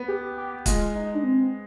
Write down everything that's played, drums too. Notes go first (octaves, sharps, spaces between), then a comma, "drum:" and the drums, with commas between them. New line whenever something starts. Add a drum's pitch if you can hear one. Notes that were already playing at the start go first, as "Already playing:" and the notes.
Already playing: B3
G4
G4
G#3 F4, drum: kick, hi-hat
D#4
D4
C4